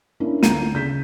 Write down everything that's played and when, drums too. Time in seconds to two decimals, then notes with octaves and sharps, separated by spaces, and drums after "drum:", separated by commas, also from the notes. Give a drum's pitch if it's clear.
0.20 A#3 C#4 D4 E4
0.43 D2 A#5 G6 D#7, drum: snare
0.74 C#3 G6 B6 E7